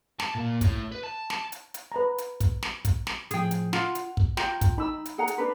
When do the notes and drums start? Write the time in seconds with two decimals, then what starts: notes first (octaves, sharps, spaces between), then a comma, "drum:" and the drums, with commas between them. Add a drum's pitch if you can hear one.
0.20 A5, drum: snare
0.35 A#2
0.61 A2, drum: kick, hi-hat
0.92 B4
1.03 A5
1.30 drum: snare
1.52 drum: hi-hat
1.74 drum: hi-hat
1.92 B4 A#5
2.18 drum: hi-hat
2.40 drum: kick, hi-hat
2.63 drum: snare
2.85 drum: kick, hi-hat
3.07 drum: snare
3.31 A2 F3 G#4 G5, drum: hi-hat
3.51 drum: hi-hat
3.73 F4 F#5, drum: snare
3.95 drum: hi-hat
4.17 drum: kick
4.37 F4 G5 A#5, drum: snare
4.61 drum: kick, hi-hat
4.78 D#4 B5 E6
5.06 drum: hi-hat
5.18 G#4 F#5 A#5
5.28 drum: hi-hat
5.38 D4 B4